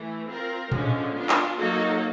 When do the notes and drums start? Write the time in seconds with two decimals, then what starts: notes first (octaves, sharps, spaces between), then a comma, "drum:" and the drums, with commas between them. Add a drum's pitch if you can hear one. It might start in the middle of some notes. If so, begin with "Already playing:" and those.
Already playing: E3 A3
0.28 C4 F4 A#4
0.72 D3 F3 G#3 C#4, drum: tom A2
1.14 B3 D4 F4
1.29 drum: clap
1.57 F#3 A#3 D#4 F#4 A4